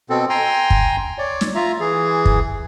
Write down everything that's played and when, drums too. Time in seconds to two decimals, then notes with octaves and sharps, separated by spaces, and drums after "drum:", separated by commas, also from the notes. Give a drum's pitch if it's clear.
0.10 B2 C4 A4
0.29 G5 G#5 A#5 C6
0.70 drum: kick
1.18 C#5 D5
1.41 drum: snare
1.55 F4 E5 A#5
1.80 E3 G#4
2.25 drum: kick